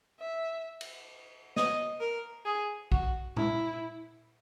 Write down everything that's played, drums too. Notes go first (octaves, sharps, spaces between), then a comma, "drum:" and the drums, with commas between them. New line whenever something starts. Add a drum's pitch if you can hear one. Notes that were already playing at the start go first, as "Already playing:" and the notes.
E5
drum: cymbal
D#5, drum: snare
A#4
G#4
F#4, drum: kick A#1
E4, drum: tom A#2